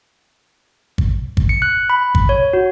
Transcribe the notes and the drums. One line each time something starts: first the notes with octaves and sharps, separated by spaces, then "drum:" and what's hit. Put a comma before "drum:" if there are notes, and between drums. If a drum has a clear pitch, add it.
drum: kick
drum: kick
C#7
F#6
B5
drum: kick
C#5
F#4